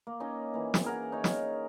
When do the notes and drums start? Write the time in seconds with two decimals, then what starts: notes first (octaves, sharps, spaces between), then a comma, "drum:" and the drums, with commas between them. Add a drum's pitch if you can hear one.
0.07 A#3
0.20 C#4 D#4 D#5 D6
0.54 E3 A#3
0.74 drum: snare
0.84 G#4 A#4 F#5
1.12 D#4 C#5
1.24 drum: snare